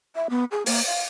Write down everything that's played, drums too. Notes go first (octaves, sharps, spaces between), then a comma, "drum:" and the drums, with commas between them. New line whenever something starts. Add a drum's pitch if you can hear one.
E5
B3
G#4
A#3, drum: open hi-hat
F5